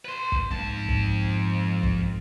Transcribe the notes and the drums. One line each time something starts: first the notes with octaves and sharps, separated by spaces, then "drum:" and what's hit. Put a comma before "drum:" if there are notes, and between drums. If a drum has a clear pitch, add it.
B4 C6
drum: kick
F2 G#2 A5
drum: kick
drum: kick